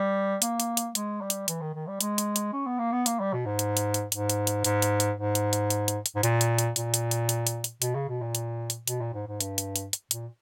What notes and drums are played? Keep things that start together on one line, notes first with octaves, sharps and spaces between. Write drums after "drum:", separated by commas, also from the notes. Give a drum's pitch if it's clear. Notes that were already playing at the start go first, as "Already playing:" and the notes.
Already playing: G3
A#3, drum: hi-hat
drum: hi-hat
drum: hi-hat
G#3, drum: hi-hat
G3
drum: hi-hat
E3, drum: hi-hat
D#3
D#3
G3
G#3, drum: hi-hat
drum: hi-hat
drum: hi-hat
C#4
B3
A#3
B3
A#3, drum: hi-hat
G3
B2
G#2
drum: hi-hat
drum: hi-hat
drum: hi-hat
G#2, drum: hi-hat
drum: hi-hat
drum: hi-hat
G#2, drum: hi-hat
drum: hi-hat
drum: hi-hat
G#2
drum: hi-hat
drum: hi-hat
drum: hi-hat
drum: hi-hat
drum: hi-hat
G#2
A#2, drum: hi-hat
drum: hi-hat
drum: hi-hat
A#2, drum: hi-hat
drum: hi-hat
drum: hi-hat
drum: hi-hat
drum: hi-hat
drum: hi-hat
B2, drum: hi-hat
C#3
B2
A#2
drum: hi-hat
drum: hi-hat
B2, drum: hi-hat
A#2
G#2
G#2
G2, drum: hi-hat
drum: hi-hat
drum: hi-hat
drum: hi-hat
A#2, drum: hi-hat